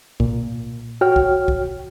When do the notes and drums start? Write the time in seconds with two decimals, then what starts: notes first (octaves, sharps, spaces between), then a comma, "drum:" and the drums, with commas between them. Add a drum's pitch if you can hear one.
0.20 A#2, drum: kick B1
1.01 F#4 C#5 G5 F6
1.16 drum: kick B1
1.48 drum: kick B1